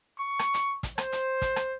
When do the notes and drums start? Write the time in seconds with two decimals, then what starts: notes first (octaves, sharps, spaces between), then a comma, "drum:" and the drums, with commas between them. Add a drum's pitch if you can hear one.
0.18 C#6
0.39 drum: rim click
0.54 drum: hi-hat
0.83 drum: kick, hi-hat
0.98 C5, drum: rim click
1.12 drum: hi-hat
1.42 drum: kick, hi-hat
1.56 drum: rim click